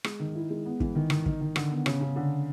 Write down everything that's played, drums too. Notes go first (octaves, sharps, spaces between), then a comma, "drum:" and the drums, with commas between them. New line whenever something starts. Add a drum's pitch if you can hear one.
G#3, drum: rim click
D#3
E4
G#3
B3
E3, drum: kick
D#3
D#3, drum: rim click
D#3, drum: kick
D#3
D3, drum: rim click
B3
C#3, drum: rim click
C#3
D3